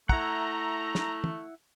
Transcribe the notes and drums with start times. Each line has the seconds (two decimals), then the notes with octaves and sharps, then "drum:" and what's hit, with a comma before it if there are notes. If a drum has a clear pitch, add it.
0.09 A3 E4 F#5 A#5, drum: kick
0.95 drum: snare
1.24 drum: tom